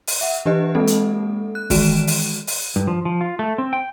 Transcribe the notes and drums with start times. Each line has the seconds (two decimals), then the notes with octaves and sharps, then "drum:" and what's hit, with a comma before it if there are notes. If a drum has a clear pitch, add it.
0.07 drum: open hi-hat
0.21 E5 F#5
0.46 E3 D4 G4 B4 D#5
0.75 G#3 A#3 C4 A4
0.87 drum: hi-hat
1.55 F#6
1.70 D#3 E3 G#3 F#4 D7 E7, drum: kick, open hi-hat
2.07 drum: open hi-hat
2.47 drum: open hi-hat
2.76 G2
2.87 F3
3.05 F3
3.21 F4
3.39 A3
3.58 C4
3.73 G5